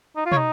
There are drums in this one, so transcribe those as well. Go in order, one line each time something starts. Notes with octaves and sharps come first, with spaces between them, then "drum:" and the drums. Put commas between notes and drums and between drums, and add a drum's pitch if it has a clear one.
D#4
F4
C#5, drum: tom
D#4